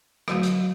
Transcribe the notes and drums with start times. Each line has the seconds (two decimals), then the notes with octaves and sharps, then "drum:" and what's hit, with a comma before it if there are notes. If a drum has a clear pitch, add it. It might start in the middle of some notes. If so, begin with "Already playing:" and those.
0.28 D3 F#3 A3 F#4, drum: rim click
0.43 drum: hi-hat